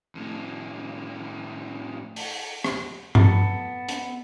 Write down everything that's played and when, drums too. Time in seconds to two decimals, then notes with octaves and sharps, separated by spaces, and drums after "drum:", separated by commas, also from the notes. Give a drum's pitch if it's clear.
0.15 F2 A2
2.16 drum: open hi-hat
2.64 drum: rim click
3.15 B3 A4, drum: tom G2
3.89 drum: hi-hat